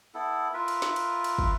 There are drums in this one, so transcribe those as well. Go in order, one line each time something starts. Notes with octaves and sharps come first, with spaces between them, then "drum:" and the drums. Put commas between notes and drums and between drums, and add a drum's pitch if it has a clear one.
B3 E4 A4
F4 A#4 B4 E5
drum: cymbal
drum: snare
drum: cymbal
drum: cymbal
drum: kick